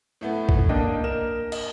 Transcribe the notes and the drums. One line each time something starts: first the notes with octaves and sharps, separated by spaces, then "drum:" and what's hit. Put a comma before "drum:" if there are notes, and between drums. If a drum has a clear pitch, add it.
A2 A3 B3
drum: kick A1
A#3 D4 D#5 G5
A#4 E7
D#5, drum: cymbal